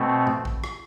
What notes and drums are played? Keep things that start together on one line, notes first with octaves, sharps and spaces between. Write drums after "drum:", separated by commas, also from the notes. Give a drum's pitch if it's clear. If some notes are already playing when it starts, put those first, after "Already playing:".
Already playing: B2 A3 C4
drum: tom A2
drum: kick A#1
drum: rim click